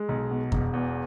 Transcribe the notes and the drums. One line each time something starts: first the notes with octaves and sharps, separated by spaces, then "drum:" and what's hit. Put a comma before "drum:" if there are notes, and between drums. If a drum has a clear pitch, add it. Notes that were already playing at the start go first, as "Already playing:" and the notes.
Already playing: G#3
B1
B2
E1, drum: kick F2
E2